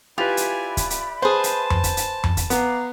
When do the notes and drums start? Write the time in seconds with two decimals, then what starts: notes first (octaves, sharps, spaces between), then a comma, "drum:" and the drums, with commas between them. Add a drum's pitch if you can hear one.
0.18 E4 F4 G4 B4 D5 E5 G#5 B5
0.37 drum: hi-hat
0.77 drum: kick, hi-hat
0.90 drum: hi-hat
1.22 G#4 B4 C5 A5
1.44 drum: hi-hat
1.70 drum: tom F2
1.84 drum: kick, hi-hat
1.97 drum: hi-hat
2.24 drum: tom F2
2.37 drum: kick, hi-hat
2.50 B3 F5 A#5 D6, drum: hi-hat